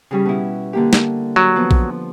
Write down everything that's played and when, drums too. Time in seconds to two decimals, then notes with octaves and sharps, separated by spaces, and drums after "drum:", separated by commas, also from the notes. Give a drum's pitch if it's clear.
0.11 C#3 G3 C#4
0.25 B2 E4
0.73 D3 A#3 G4
0.93 drum: snare
1.36 F#3
1.56 F3 B3
1.71 drum: kick A#1